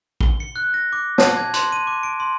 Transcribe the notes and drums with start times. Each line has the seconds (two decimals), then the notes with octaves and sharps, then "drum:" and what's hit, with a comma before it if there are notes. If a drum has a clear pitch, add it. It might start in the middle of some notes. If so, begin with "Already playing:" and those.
0.21 G7, drum: kick A1
0.40 C#7
0.56 F#6
0.74 A#6
0.93 D6
1.18 A5, drum: snare
1.37 G#6
1.54 C6, drum: hi-hat
1.72 D#7
1.87 D6
2.03 D7
2.20 C6